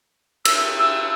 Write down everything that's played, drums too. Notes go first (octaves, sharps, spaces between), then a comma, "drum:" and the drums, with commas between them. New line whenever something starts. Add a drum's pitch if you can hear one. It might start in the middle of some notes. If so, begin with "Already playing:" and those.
E6, drum: cymbal
E6